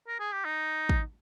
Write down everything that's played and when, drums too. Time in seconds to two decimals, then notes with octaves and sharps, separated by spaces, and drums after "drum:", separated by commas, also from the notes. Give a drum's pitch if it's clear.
0.08 A#4
0.19 G#4
0.32 G4
0.45 D#4
0.89 drum: kick